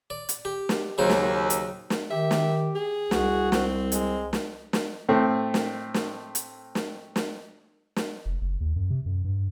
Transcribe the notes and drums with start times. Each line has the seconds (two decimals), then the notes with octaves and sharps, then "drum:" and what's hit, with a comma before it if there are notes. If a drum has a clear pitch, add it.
0.10 D5
0.29 drum: hi-hat
0.45 G4
0.69 drum: snare
0.98 D#2 C#3 F#3 C5
1.09 drum: snare
1.50 drum: hi-hat
1.90 drum: snare
2.11 D#3 G4 E5
2.31 drum: snare
2.75 G#4
3.11 C2 F#4, drum: snare
3.52 C4, drum: snare
3.92 G#3, drum: hi-hat
4.33 drum: snare
4.73 drum: snare
5.09 A2 A3 C4
5.54 drum: snare
5.94 drum: snare
6.35 drum: hi-hat
6.75 drum: snare
7.16 drum: snare
7.96 drum: snare
8.25 F1
8.41 F#1
8.60 D#2
8.76 F#2
8.90 C3
9.06 F#2
9.24 G2